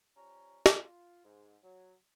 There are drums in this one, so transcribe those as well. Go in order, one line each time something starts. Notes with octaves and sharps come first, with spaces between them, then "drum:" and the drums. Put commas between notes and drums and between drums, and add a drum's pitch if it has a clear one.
F3 G3 C#4 C#5 A#5
drum: snare
F4
G#2
F#3